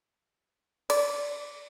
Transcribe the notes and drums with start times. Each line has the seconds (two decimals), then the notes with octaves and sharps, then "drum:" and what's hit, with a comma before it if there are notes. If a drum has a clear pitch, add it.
0.90 D5, drum: cymbal